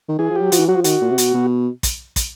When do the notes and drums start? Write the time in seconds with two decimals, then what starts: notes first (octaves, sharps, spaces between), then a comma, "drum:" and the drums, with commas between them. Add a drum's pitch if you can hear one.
0.09 D#3
0.19 E3 G#4
0.30 F3
0.35 G4
0.41 F#3
0.52 F3 F#4, drum: hi-hat
0.59 E3
0.68 F#3 F#4
0.76 F3
0.84 D#3 F#4, drum: hi-hat
1.01 A#2
1.10 C3
1.18 B2, drum: hi-hat
1.34 B2
1.83 drum: kick, hi-hat
2.16 drum: kick, hi-hat